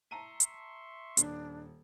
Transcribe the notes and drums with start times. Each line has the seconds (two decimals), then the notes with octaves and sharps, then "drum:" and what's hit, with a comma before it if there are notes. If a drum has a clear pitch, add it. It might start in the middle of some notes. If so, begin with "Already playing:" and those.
0.11 E5 A5 A#5 C6 C#6 D#7
0.40 drum: hi-hat
1.17 D#1 D4, drum: hi-hat